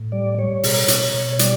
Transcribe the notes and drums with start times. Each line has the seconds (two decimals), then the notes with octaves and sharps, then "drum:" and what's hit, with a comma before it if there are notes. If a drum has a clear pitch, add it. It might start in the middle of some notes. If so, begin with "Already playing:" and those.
Already playing: A2
0.12 G3 D5
0.38 G3 C#5
0.63 B2, drum: open hi-hat
0.88 B2, drum: hi-hat
1.14 B2
1.33 C#5
1.39 G3 D5, drum: hi-hat